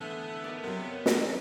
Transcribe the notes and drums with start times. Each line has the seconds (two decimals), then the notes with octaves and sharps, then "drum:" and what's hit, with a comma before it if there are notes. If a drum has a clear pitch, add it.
0.01 D3 E3 A3 B3
0.44 D#4 A#4 D5
0.63 C3 F#3 A#3
1.06 C3, drum: snare